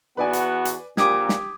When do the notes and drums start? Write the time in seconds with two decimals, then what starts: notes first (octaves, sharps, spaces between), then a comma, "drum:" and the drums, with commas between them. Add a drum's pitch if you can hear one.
0.17 E2 B3 F#4 B4 D5 G#5
0.33 drum: hi-hat
0.65 drum: hi-hat
0.97 A#1 A#2 G4 D6 D#6 G#6, drum: snare
1.29 drum: snare